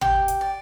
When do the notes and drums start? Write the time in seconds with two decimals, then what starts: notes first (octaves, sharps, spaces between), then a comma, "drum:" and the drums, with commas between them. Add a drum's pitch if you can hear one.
0.01 G4 G5, drum: tom G#1
0.28 drum: hi-hat
0.41 D5